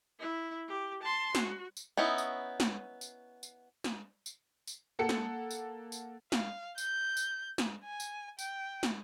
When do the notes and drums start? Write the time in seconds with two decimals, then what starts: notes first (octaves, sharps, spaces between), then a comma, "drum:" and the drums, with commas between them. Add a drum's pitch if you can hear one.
0.19 E4
0.68 G4
1.03 A5 C6
1.35 F#4, drum: snare
1.77 drum: tambourine
1.97 B3 C#4 D#4 E4
2.18 drum: tambourine
2.60 drum: snare
3.01 drum: tambourine
3.43 drum: tambourine
3.84 drum: snare
4.26 drum: tambourine
4.67 drum: tambourine
4.99 A#3 A4 F#5 C#7
5.09 drum: snare
5.51 drum: tambourine
5.92 drum: tambourine
6.32 F5, drum: snare
6.78 G6, drum: tambourine
7.17 drum: tambourine
7.58 drum: snare
7.84 G#5
8.00 drum: tambourine
8.39 G5, drum: tambourine
8.83 drum: snare